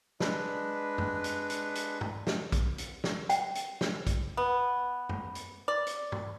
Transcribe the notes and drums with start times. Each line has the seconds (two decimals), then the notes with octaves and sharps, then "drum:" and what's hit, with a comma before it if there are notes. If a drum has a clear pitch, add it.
0.20 G#3 D4 B4, drum: snare
0.98 drum: tom F#2
1.24 drum: hi-hat
1.50 drum: hi-hat
1.75 drum: hi-hat
2.01 drum: tom
2.27 drum: snare
2.52 drum: kick, hi-hat
2.78 drum: hi-hat
3.04 drum: snare
3.30 G5, drum: hi-hat
3.55 drum: hi-hat
3.81 drum: snare
4.07 drum: kick, hi-hat
4.37 B3
5.09 drum: tom F#2
5.35 drum: hi-hat
5.68 D5
5.86 drum: hi-hat
6.12 drum: tom